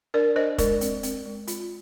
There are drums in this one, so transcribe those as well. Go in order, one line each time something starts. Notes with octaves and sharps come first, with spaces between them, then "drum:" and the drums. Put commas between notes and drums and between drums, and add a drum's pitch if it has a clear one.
D4 A#4 D5
D4 C5 D#5
G#3 A#4 D5, drum: kick, hi-hat
C4, drum: hi-hat
C4, drum: hi-hat
G#3
F4, drum: hi-hat